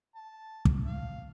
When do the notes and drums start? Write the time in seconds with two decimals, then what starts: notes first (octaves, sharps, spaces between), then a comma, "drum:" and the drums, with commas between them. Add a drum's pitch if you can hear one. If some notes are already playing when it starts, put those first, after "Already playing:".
0.16 A5
0.65 drum: kick
0.87 F5